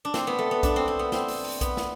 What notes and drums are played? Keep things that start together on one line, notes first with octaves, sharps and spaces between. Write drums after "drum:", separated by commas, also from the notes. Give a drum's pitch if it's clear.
D4
C4, drum: snare
B3
A3
B3
D4, drum: kick B1, hi-hat
C4
C4
B3
C4, drum: snare
drum: open hi-hat
drum: open hi-hat
B3, drum: kick B1, hi-hat
drum: snare